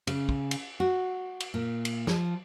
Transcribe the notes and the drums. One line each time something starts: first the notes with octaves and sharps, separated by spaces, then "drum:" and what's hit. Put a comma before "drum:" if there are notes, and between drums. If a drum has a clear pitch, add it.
C#3, drum: cymbal
drum: kick
drum: cymbal
F#4
drum: cymbal
A#2
drum: cymbal
F3, drum: snare